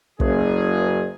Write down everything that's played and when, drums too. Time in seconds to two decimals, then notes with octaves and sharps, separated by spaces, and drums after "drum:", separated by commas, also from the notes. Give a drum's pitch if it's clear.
0.20 F#1 G#4, drum: kick